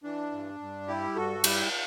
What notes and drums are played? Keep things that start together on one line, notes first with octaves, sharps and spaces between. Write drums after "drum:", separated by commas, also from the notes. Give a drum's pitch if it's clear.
E3 D4
G2
G2
G3 E4 G4
G2 F#4 A4
G3 E4 G4, drum: cymbal